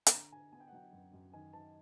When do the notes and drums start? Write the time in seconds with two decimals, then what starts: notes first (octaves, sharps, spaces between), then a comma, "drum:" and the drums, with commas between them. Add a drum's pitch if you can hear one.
0.07 B5, drum: hi-hat
0.12 D3 A#5
0.32 D3 G#5
0.52 B3 G#5
0.60 G5
0.67 F#5
0.73 F#3 G5
0.93 F#2
1.13 F#2
1.33 D#3 G#5
1.53 D#3 A5